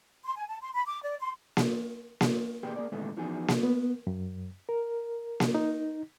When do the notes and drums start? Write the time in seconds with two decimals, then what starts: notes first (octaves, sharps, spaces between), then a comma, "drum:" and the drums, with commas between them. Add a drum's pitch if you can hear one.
0.24 C6
0.36 G#5
0.48 A5
0.61 C6
0.74 B5
0.87 D6
1.02 D5
1.19 C6
1.57 drum: snare A#3
2.21 drum: snare A#3
2.63 A#2 A#3 G4 G#4 B4 G5
2.76 A#3 G#4 D5
2.92 A#2 D3 D#3 G#3 A3 B3
3.17 E3 F3 B3 D#4 F#4 G#4
3.48 drum: snare A#3
3.63 B3
4.07 F#2
4.69 A#4
5.40 drum: snare A#3
5.55 D#4